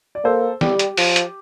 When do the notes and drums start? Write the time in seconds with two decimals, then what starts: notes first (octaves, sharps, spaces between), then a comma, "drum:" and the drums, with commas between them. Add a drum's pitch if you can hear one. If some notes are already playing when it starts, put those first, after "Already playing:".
0.15 D5
0.24 A#3 A4 C5
0.61 G3 G4, drum: snare
0.79 drum: hi-hat
0.97 F3, drum: open hi-hat
1.16 drum: hi-hat